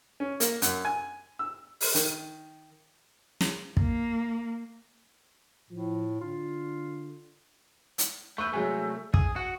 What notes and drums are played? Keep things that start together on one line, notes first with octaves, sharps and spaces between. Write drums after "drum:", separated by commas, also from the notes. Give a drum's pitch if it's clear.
C#4
A#3, drum: hi-hat
F#2, drum: hi-hat
G#5
E6
drum: open hi-hat
D#3, drum: hi-hat
drum: snare
A#3, drum: kick
A2 F3
D3 F4
drum: hi-hat
A3 B4 C#6 E6 G6
C2 F#3 G#3 A3 G#4
G#4 D#6, drum: kick
F#4 F#5